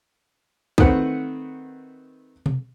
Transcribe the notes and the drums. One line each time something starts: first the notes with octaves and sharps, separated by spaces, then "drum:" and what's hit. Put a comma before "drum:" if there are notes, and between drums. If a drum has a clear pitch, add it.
D#3 A3 C4 B4 F#5, drum: kick
drum: tom